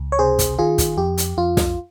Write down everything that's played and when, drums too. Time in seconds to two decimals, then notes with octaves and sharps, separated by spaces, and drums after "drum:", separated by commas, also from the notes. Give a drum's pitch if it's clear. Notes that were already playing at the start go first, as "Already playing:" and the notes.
Already playing: C#2
0.12 C#5
0.19 C3 G#4 C5
0.39 drum: kick, hi-hat
0.58 D#3 F4 G#4
0.78 drum: kick, hi-hat
0.97 F2 G4
1.18 drum: hi-hat
1.37 F2 F4
1.57 drum: snare